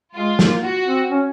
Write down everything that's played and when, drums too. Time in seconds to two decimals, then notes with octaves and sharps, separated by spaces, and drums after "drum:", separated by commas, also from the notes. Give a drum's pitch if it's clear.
0.15 G#3 F4
0.39 A#3, drum: snare
0.63 F#4
0.86 C4
1.11 C#4